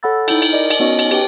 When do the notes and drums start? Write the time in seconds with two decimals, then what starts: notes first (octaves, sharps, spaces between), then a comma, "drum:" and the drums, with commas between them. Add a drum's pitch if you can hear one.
0.03 A4 C#5 F#5 B5 E6 A6
0.28 D#4 E4 G5 G6, drum: cymbal
0.42 drum: cymbal
0.53 A#4 D5 D#5
0.70 drum: cymbal
0.80 B3 C#4 D#4 F#4 C#5 D#5
0.99 drum: cymbal
1.11 G4 B4 C#5 G5, drum: cymbal